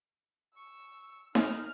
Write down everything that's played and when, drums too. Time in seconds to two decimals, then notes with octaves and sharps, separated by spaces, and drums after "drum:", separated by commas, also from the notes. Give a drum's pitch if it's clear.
0.56 C#6 E6
1.35 D#4 F6, drum: snare D#4